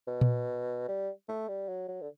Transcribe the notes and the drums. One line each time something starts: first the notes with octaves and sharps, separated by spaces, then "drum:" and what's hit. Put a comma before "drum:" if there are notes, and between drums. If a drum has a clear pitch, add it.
B2
drum: tom A#2
G3
A3
G3
F#3
F#3
D3